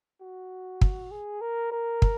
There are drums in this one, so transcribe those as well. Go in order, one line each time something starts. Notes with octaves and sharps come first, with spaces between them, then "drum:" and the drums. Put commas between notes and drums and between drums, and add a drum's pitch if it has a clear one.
F#4
drum: kick
G#4
A#4
A#4
drum: kick